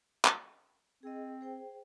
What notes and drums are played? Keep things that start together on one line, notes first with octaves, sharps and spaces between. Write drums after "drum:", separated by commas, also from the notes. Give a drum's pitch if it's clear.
drum: clap
C4 G#4 D#5
G#4 C5 G5